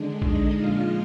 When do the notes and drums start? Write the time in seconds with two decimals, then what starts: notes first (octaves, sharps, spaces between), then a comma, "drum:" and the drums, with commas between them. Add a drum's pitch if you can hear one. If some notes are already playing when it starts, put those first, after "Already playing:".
Already playing: D3 G#3 D4
0.22 D#4 D#5, drum: kick
0.57 A#2 F3 G#3 F4 F5